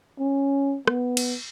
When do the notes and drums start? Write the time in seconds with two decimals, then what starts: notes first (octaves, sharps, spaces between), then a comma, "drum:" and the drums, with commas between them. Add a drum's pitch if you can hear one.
0.19 C#4
0.87 B3, drum: rim click
1.17 drum: cymbal